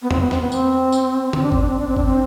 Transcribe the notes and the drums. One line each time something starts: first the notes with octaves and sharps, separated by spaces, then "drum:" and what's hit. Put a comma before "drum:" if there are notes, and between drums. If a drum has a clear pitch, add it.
B3
C4, drum: tom E2
B3
C4, drum: snare
B3
C4, drum: tambourine
drum: tambourine
C4, drum: tom
D4
C4, drum: kick
D4
C4
D4
C4
D4, drum: kick
C4